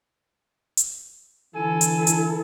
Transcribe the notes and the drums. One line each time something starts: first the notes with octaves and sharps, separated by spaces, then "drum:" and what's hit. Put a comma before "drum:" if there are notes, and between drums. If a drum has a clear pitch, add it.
drum: hi-hat
D3 E3 E4 A4 G#5
drum: hi-hat
drum: hi-hat